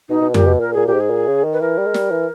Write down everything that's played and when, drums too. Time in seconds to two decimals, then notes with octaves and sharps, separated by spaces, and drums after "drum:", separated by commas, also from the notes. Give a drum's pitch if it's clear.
0.09 B2 D#4
0.22 B2
0.34 A#2 G4, drum: tom F2
0.47 B2
0.60 A#2 A#4
0.73 A#2 G#4
0.87 A#2 G4
0.94 G#2
1.00 G#4
1.10 A#2
1.27 C#3
1.44 D#3
1.53 B4
1.61 E3 A#4
1.78 G3
1.86 G#3
1.94 G3, drum: snare
2.11 E3